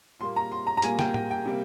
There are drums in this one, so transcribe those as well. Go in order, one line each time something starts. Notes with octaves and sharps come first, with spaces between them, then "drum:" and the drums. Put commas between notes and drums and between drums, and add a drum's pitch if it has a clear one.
A#2 G3 A#3 C6
A#5
C6
A#5
A#5
A#2 G3 A#3 G#5, drum: hi-hat
G5, drum: snare
G5, drum: tom A2
G5
C3 G3 A#3